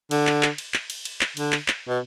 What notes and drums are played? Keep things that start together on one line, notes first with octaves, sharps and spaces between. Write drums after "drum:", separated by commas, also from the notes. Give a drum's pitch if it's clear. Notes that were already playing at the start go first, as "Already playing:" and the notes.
D3, drum: cymbal
drum: clap
drum: clap
drum: cymbal
drum: clap
drum: cymbal
drum: cymbal
drum: clap
D3, drum: cymbal
drum: clap
drum: clap
B2